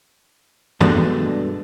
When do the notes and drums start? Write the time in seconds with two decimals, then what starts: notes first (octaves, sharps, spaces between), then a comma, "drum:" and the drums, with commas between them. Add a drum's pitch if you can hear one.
0.81 G2 B2 G#3 A3 B3 D4, drum: tom